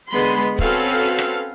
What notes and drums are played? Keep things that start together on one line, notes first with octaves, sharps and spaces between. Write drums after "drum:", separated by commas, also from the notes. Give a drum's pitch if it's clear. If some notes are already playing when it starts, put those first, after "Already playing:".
D3 G#3 B3 B5 C6
C4 C#4 F#4 A4 B4 F5, drum: kick
drum: rim click